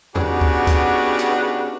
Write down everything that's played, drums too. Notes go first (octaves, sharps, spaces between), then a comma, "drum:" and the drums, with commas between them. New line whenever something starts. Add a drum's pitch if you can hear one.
C#3 B3 D4 D#4 F#4 G4, drum: tom E2
drum: kick
drum: kick, hi-hat
drum: hi-hat